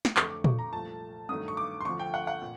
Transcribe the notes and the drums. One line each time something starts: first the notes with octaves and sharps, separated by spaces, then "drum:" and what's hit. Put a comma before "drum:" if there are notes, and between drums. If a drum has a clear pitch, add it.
drum: snare
F2 D3 F#3 A3 C#6, drum: clap
D6
C#6, drum: tom A#2
A#5
C2 A#2 F3 A3 A5
G2 D#3 F#3 A3 D#6
C#6
D6
C6
D2 D3 F3 C#6
G5
F#5
F#5
A#2